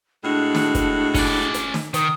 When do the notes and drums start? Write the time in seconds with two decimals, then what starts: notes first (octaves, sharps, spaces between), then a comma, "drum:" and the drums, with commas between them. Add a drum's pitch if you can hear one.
0.23 A2 G#3 D4 F#4
0.55 drum: snare
0.75 drum: kick, hi-hat
1.14 C#4 D5, drum: kick, open hi-hat
1.54 drum: hi-hat
1.74 drum: snare
1.94 D#3 D#6, drum: hi-hat